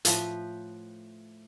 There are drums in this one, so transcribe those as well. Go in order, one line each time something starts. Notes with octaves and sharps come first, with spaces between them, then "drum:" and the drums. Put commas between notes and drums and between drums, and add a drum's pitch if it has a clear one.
A2 F3 B4, drum: hi-hat